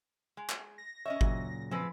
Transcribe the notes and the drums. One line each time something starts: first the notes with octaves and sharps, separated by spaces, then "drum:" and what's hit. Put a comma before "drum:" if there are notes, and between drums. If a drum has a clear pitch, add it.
G#3
drum: clap
A#6
C#4 C#5 D#5 E5
A#2 C#3 F#3, drum: kick G1
F3 G#3 C4 B4